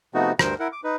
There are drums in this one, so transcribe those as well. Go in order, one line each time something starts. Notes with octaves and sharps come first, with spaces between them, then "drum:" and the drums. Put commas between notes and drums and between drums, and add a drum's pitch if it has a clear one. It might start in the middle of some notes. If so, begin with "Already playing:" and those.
C3 F3 A3 B3 D#4 F#4
D2 G2 A#4 C5, drum: rim click
E4 A#4 F#5
D6
D#4 B4